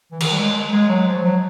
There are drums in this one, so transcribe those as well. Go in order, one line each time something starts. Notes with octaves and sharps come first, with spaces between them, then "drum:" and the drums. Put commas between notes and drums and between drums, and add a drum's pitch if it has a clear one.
E3
D#3, drum: cymbal
G3
G#3
G#3
G#3
F#3
F3
F#3